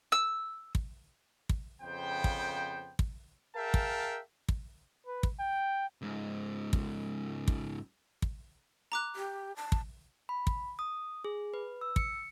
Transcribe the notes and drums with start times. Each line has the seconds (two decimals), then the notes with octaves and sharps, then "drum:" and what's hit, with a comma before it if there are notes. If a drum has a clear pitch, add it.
0.12 E6
0.75 drum: kick
1.49 drum: kick
1.81 F2 C#3 B3 C5 G5
2.24 drum: kick
2.99 drum: kick
3.56 G#4 A#4 E5 F5 G5 A5
3.74 drum: kick
4.49 drum: kick
5.07 B4
5.23 drum: kick
5.40 G5
6.02 C#2 G#2
6.73 drum: kick
7.48 drum: kick
8.22 drum: kick
8.92 A#5 D6 F#6
9.16 G4
9.56 A5
9.72 drum: kick
10.29 B5
10.47 drum: kick
10.79 D#6
11.24 G#4
11.54 B4
11.81 E6
11.96 C#7, drum: kick